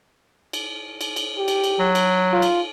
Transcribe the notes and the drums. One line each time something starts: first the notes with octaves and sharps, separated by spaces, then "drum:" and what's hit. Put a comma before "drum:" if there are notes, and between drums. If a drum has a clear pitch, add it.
drum: cymbal
drum: cymbal
drum: cymbal
G4
drum: cymbal
drum: cymbal
F#3
drum: cymbal
F4
drum: cymbal